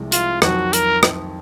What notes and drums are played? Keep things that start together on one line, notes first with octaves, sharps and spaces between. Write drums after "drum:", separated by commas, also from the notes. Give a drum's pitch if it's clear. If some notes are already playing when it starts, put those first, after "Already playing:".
Already playing: C2 C3 F3 G#3
F4, drum: hi-hat
F2 D#3 F#3 F#4, drum: rim click
A#4, drum: hi-hat
drum: rim click